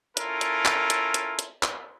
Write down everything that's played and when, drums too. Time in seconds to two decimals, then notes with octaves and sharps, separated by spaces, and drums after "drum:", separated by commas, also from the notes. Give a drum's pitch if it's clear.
0.17 C#4 E4 F4 A4 A#4, drum: hi-hat
0.41 drum: hi-hat
0.66 drum: clap
0.90 drum: hi-hat
1.14 drum: hi-hat
1.39 drum: hi-hat
1.63 drum: clap